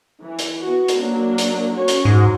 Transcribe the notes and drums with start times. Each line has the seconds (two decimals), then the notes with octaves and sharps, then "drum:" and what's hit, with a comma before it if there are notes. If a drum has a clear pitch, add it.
0.22 E3
0.39 drum: hi-hat
0.64 B3 F#4
0.88 drum: hi-hat
0.98 F#3 A#3 D4
1.38 drum: hi-hat
1.74 C#4 F#4 C#5
1.88 drum: hi-hat
2.05 G#2 F#4